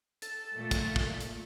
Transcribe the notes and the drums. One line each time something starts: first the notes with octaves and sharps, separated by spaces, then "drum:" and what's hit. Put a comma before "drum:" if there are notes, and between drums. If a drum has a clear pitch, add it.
A4, drum: hi-hat
A#2 A3
drum: kick, hi-hat
drum: kick
drum: hi-hat